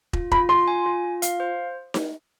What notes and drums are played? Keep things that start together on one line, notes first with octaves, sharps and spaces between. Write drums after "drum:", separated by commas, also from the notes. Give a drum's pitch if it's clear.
F4, drum: kick
F4 B5, drum: kick
F4 C6
G#5
F4
F4
F5, drum: hi-hat
C5
drum: snare D#4